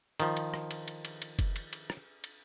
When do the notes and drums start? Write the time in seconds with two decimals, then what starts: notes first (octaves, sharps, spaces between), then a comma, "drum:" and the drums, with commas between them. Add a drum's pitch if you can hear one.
0.20 D#3 F3, drum: cymbal
0.37 drum: cymbal
0.54 drum: rim click
0.71 drum: cymbal
0.88 drum: cymbal
1.05 drum: cymbal
1.22 drum: cymbal
1.39 drum: kick F#1, cymbal
1.56 drum: cymbal
1.73 drum: cymbal
1.90 drum: rim click
2.24 drum: cymbal